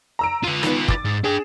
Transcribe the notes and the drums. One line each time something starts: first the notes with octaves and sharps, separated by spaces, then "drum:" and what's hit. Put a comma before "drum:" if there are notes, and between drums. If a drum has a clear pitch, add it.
A#5 E6 D7
F4 B4 D#7
D#3 B3, drum: rim click
D6 A6, drum: kick
G#2
D4 G#4 G5